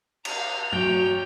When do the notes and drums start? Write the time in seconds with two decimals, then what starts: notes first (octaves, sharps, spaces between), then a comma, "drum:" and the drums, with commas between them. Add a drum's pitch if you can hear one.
0.25 F5 A#5 F7, drum: cymbal
0.72 F#3 C#4 G5, drum: tom